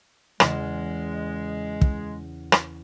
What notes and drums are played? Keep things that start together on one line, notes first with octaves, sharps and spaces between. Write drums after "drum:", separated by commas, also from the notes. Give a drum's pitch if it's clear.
E2 C#3 G#3 E7, drum: rim click
drum: kick
drum: rim click